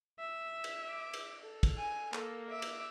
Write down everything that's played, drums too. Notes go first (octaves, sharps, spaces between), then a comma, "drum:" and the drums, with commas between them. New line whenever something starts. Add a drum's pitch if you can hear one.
E5
drum: cymbal
D6
drum: cymbal
A4
drum: kick, cymbal
G#5
A#3 A4, drum: clap
E5 D6
drum: cymbal